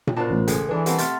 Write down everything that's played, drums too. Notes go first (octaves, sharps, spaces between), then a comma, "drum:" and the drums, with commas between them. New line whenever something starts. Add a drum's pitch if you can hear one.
drum: tom A#2
B2 D4 F4 A#4 C5 A5
A1
C#2 G#4 A4 G#5, drum: hi-hat
E3 G#3 D4 B4
G3 A#3 C4 F#5 A5, drum: hi-hat
C3 A3 C6 F6 A6, drum: hi-hat